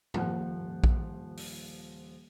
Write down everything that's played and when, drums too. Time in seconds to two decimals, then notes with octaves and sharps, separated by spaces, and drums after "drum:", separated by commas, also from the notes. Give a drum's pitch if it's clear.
0.14 D#1 F3 F#5 F#6, drum: tom
0.84 drum: kick A#1
1.37 drum: open hi-hat